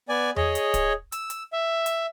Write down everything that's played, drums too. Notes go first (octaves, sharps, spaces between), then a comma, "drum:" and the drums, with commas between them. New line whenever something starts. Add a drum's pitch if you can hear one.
B3 D5 G#5
G#4 C#5 D#5, drum: tom E2
drum: hi-hat
drum: kick, hi-hat
E6, drum: hi-hat
drum: hi-hat
E5
drum: hi-hat